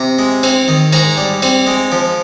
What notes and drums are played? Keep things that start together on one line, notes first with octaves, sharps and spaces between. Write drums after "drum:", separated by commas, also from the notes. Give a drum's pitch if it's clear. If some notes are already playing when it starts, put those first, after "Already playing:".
Already playing: C3 A#5
G#3
C4, drum: cymbal
D#3
G#2 A#5, drum: cymbal
G3
C4, drum: cymbal
G#3
F3